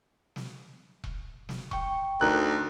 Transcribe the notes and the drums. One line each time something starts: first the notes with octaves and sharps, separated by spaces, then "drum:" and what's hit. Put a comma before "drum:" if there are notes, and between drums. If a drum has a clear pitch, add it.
drum: snare
drum: kick E1
drum: snare
G5 C#6, drum: kick E1
D2 D#4 A#4 A#5 F#6